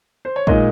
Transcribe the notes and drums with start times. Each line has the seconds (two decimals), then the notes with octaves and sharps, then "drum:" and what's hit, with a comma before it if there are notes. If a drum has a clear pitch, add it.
0.25 C5
0.36 C#5
0.47 A#2 G#3 D#4 D#5, drum: kick